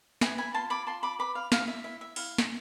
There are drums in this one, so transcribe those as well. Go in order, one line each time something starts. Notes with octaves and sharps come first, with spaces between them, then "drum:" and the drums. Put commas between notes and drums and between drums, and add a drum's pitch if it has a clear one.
B4 E5 G#5, drum: snare
G#5 B5
F4 A5 C6
B5 D6
F4 A5 C6
B5 D6
B4 B5 D6
F5
E4 F5, drum: snare
E5
E4 E5
E5
E4 F5, drum: open hi-hat
drum: snare